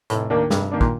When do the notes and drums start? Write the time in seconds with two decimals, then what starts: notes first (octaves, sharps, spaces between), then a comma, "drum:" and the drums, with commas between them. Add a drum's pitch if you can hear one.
0.10 F1 A2, drum: hi-hat
0.30 D#2 D#3 A#3 D4
0.50 F1 G2, drum: snare
0.72 D#3 A#3 D4
0.81 A#2, drum: kick